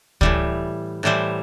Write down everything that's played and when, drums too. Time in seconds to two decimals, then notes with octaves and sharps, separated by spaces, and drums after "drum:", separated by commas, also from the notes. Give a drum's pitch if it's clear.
0.21 A2 E3 G3, drum: kick
1.03 A2 E3 G3 C5